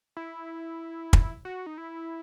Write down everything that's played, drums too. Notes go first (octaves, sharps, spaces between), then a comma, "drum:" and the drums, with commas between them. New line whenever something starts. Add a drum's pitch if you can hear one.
E4
drum: kick
F#4
D#4
E4